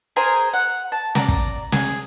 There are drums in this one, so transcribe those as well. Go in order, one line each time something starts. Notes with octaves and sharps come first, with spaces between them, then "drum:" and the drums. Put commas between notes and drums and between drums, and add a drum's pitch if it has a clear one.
G#4 A#4 C5 G#5
F#5
A5
D5 A#5, drum: snare
drum: kick
G#4, drum: snare